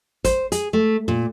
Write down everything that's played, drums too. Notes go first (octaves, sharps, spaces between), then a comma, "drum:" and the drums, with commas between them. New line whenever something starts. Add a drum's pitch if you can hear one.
C5, drum: kick, hi-hat
G#4, drum: hi-hat
A3
A#2